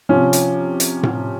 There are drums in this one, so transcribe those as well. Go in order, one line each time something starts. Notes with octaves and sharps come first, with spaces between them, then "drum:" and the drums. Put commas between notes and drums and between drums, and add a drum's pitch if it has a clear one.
C3 F3 C#4
drum: hi-hat
drum: hi-hat
drum: tom A2